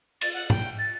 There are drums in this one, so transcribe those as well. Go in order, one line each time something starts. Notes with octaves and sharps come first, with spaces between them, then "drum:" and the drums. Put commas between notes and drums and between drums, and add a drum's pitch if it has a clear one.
A6, drum: cymbal
F#5
G5, drum: tom G#2
A6